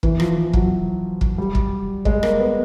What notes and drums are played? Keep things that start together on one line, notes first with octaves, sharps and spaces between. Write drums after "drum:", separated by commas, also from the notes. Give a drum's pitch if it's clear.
E3, drum: kick
F3, drum: rim click
E3
F#3, drum: kick
drum: kick
G3
drum: kick
G#3, drum: kick
A#3, drum: rim click
B3